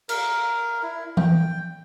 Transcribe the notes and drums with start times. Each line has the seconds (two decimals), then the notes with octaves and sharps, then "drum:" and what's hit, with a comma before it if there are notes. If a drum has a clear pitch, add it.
0.09 A#4, drum: cymbal
0.83 E4
1.17 G5, drum: tom E3